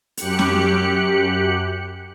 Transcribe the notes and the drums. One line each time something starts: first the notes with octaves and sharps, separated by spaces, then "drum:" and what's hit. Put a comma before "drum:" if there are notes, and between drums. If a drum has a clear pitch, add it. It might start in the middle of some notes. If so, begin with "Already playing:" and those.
F#2 G4 F#6 C#7, drum: hi-hat
drum: snare